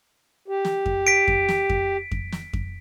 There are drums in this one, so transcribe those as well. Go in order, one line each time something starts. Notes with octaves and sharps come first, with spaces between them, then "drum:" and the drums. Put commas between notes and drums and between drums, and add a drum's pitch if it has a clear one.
G4
drum: snare
drum: kick F2
B6 D7
drum: kick F2
drum: snare
drum: kick F2
drum: kick F2
drum: snare
drum: kick F2